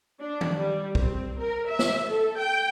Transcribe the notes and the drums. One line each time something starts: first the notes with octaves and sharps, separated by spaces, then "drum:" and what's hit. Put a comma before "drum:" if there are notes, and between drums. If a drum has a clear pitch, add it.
D4
drum: tom D#3
G3
C4, drum: kick
A#4
E5
drum: snare
A4
G5